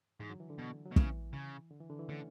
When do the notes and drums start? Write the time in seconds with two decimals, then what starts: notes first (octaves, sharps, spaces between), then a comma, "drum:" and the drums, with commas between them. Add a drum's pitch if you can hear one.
0.20 G#2 E3
0.30 D3 F#3
0.40 E3
0.50 D3
0.58 B2
0.85 F#3
0.91 B2
0.96 C#3 E3, drum: kick
1.34 C#3
1.71 D3
1.80 E3
1.90 D3
1.99 E3
2.09 D3 A3 C#4